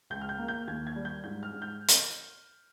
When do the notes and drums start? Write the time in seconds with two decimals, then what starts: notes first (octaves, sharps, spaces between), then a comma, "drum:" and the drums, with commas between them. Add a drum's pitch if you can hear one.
0.10 C#2 G6
0.21 F6
0.29 G6
0.39 A#3
0.48 G6
0.67 D#2 G#6
0.87 G#6
0.96 G3
1.05 G6
1.24 G#2 G6
1.43 F6
1.53 G#2
1.62 G6
1.88 drum: hi-hat